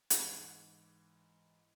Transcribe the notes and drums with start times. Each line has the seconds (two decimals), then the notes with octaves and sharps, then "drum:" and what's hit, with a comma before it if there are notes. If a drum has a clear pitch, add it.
0.10 G#2 E3 F#5 G#6, drum: hi-hat